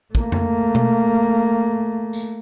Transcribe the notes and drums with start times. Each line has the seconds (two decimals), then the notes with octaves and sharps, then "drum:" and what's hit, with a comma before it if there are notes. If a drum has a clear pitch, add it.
0.15 A3 A#3, drum: kick
0.32 drum: tom F2
0.75 drum: tom B2
2.13 drum: tambourine